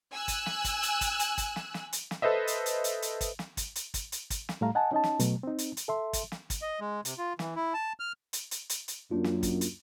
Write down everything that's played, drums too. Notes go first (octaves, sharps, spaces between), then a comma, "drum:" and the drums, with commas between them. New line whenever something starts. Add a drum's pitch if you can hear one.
G#5 E6 F#6
drum: kick, hi-hat
drum: snare
drum: kick, hi-hat
drum: hi-hat
drum: kick, hi-hat
drum: hi-hat
drum: kick, hi-hat
drum: snare
drum: snare
drum: hi-hat
drum: snare
A4 B4 C5 D#5 E5
drum: hi-hat
drum: hi-hat
drum: hi-hat
drum: hi-hat
drum: kick, hi-hat
drum: snare
drum: kick, hi-hat
drum: hi-hat
drum: kick, hi-hat
drum: hi-hat
drum: kick, hi-hat
drum: snare
A2 G3 A3 F5 A#5
D#5 F#5 G#5 A5
C#4 D#4 D#5 A5
drum: snare
B2 F#3 A3, drum: hi-hat
C4 D#4
drum: hi-hat
drum: hi-hat
A4 E5 C6
drum: kick, hi-hat
drum: snare
drum: kick, hi-hat
D#5
G#3
C3, drum: hi-hat
F4
E3, drum: snare
E4
A5
F6
drum: hi-hat
drum: hi-hat
drum: hi-hat
drum: hi-hat
F#2 A#3 D4 F4
drum: snare
drum: kick, hi-hat
drum: hi-hat